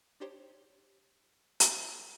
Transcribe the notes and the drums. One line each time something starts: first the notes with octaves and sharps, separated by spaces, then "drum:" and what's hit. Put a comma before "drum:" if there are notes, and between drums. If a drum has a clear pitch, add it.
D4 D#4 G4 C5 C#5
drum: hi-hat